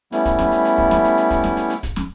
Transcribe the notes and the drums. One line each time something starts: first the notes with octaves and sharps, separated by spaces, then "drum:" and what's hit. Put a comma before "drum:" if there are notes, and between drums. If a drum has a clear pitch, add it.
G3 A3 B3 C#4 E4, drum: hi-hat
drum: kick, hi-hat
drum: snare
drum: hi-hat
drum: hi-hat
drum: kick
drum: snare
drum: hi-hat
drum: hi-hat
drum: kick, hi-hat
drum: snare
drum: hi-hat
drum: hi-hat
drum: kick, hi-hat
drum: snare